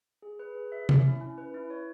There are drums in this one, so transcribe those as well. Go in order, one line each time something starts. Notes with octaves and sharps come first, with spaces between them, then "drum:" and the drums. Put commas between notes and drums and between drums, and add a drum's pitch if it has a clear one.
G#4
B4
G#4
E5
C#4, drum: tom
E4
C#4
B4
E4
C#5